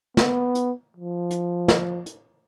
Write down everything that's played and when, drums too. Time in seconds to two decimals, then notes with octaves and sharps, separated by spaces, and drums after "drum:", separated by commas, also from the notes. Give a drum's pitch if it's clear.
0.17 B3, drum: snare
0.55 drum: hi-hat
0.97 F3
1.31 drum: hi-hat
1.68 drum: snare
2.06 drum: hi-hat